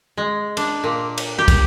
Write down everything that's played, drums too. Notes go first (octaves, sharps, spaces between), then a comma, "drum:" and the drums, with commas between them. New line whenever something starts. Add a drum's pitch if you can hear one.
G#3
D4, drum: cymbal
A#2
drum: cymbal
G4
drum: kick, cymbal